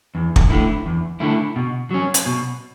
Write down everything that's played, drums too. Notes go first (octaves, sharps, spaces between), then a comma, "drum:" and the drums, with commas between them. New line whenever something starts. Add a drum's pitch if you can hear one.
E2
drum: kick
D3 A3 E4
E2
D3 A3 E4
B2
F#3 C#4
drum: hi-hat
B2